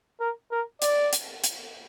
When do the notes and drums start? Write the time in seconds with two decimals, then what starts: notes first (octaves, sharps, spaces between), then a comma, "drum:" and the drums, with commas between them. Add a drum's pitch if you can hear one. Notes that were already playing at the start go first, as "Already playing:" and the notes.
0.20 A#4
0.51 A#4
0.82 D5, drum: hi-hat
1.13 drum: hi-hat
1.44 drum: hi-hat